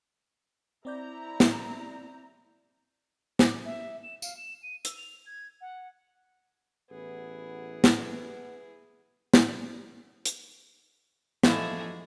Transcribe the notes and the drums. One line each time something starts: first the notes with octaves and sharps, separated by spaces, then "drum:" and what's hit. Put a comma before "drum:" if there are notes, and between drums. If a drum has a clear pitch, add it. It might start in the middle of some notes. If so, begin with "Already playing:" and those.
C4 E4 D5 A#5 G6
drum: snare
D6, drum: snare
E5
E7
F5, drum: tambourine
E7
D#7
E6, drum: hi-hat
F7
G#6
F#5
A1 B3 E4 G#4 B4 F#5
drum: snare
drum: snare
drum: hi-hat
F#2 E3 F3 G#3 A3 F5, drum: snare